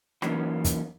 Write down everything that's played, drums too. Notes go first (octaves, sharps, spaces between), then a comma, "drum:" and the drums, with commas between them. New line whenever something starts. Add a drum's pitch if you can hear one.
E3 F#3 A#3 B3 C#4 D#4, drum: rim click
drum: kick, hi-hat